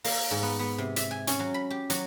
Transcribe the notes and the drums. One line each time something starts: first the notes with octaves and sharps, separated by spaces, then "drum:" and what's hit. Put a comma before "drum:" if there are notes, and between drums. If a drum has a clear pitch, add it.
A#3, drum: open hi-hat
G#2
B3
B3
C3
E5, drum: hi-hat
G#5
C#4, drum: hi-hat
F#3
B5
G4
F#3, drum: hi-hat